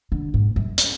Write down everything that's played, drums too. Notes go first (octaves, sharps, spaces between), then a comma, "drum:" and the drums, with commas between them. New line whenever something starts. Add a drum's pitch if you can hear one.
D3
G#2
F#2
drum: hi-hat